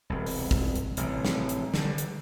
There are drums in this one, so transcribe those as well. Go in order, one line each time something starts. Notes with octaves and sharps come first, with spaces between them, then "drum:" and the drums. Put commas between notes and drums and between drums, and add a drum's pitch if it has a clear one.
E1 C2
drum: open hi-hat
drum: kick
drum: hi-hat
A1 C3, drum: hi-hat
drum: snare
drum: hi-hat
D3 G3, drum: snare
drum: hi-hat